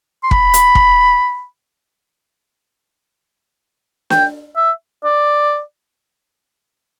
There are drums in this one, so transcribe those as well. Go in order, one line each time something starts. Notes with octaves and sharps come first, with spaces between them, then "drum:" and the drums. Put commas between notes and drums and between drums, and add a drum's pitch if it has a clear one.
C6
B5, drum: kick
drum: hi-hat
drum: kick
G5, drum: snare
E5
D5